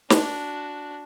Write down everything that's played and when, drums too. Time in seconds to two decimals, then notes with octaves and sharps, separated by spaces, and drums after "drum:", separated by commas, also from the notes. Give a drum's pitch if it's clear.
0.10 D4 F#4, drum: snare